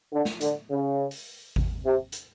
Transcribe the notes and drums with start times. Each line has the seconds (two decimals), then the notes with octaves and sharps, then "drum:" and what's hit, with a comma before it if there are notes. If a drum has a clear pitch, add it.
0.13 D3
0.25 drum: snare
0.41 D3, drum: hi-hat
0.70 C#3
1.11 drum: open hi-hat
1.56 drum: kick G#1
1.85 C3
2.12 drum: hi-hat